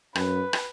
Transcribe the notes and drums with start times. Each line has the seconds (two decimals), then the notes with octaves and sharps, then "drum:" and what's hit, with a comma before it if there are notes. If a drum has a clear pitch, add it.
0.15 F#2 B4, drum: rim click
0.53 drum: rim click